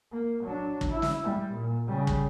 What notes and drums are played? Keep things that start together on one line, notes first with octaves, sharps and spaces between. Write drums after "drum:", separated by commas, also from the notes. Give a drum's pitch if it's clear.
A#3
F#3 D4
drum: kick
E4
drum: snare
G3
A#2
C#3 G3
drum: kick